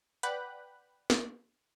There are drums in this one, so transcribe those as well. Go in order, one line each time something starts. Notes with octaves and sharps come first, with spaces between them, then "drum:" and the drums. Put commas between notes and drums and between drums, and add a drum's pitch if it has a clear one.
B4 D5 F#5 G5 B5 F#6, drum: hi-hat
drum: snare